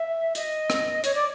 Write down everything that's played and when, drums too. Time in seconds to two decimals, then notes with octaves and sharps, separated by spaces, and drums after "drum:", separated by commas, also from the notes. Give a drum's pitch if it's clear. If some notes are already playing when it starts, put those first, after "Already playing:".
Already playing: E5
0.35 D#5, drum: hi-hat
0.70 drum: rim click
1.04 C#5, drum: hi-hat
1.14 D5